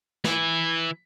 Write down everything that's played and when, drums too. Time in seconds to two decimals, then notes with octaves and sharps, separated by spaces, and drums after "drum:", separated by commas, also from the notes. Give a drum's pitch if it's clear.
0.24 E3 E4, drum: snare